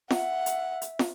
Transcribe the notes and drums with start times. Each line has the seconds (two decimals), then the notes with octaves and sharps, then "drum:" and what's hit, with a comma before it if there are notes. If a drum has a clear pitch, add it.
0.10 E5 F#5, drum: snare
0.46 drum: hi-hat
0.82 drum: hi-hat
0.99 drum: snare